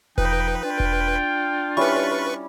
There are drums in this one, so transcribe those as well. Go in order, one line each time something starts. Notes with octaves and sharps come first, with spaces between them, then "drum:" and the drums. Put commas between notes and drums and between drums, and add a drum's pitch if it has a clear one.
F3 D#4 B4 G5, drum: kick E1
D4 F4 G5
drum: kick E1
G3 C#4 E4 B4 C#6